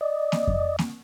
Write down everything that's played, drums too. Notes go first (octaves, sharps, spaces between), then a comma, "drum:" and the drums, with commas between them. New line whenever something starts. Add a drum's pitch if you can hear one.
D5 D#5
drum: snare A#3
drum: kick F2
drum: snare A#3